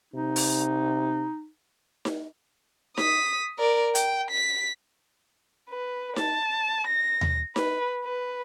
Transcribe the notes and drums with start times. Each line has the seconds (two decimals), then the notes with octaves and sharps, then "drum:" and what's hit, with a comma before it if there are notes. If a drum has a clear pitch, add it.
0.14 C3 D#4
0.36 drum: open hi-hat
2.05 drum: snare D#4
2.97 D#6 B6, drum: snare D#4
3.58 A#4 D5
3.95 G5, drum: hi-hat
4.31 B6
5.70 B4
6.16 A5, drum: snare D#4
6.87 A#6
7.21 drum: tom D#2
7.56 B4, drum: snare D#4
8.05 B4